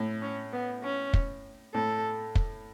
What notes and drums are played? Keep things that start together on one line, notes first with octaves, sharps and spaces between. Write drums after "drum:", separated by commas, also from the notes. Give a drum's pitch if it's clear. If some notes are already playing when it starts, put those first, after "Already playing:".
Already playing: A2
C#4
B3
C#4
drum: kick
A2 A4
drum: kick